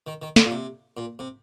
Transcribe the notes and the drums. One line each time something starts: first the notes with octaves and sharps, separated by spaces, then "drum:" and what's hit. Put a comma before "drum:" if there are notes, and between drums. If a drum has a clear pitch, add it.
D#3
D#3
D3, drum: snare
A#2
C3
A#2
C3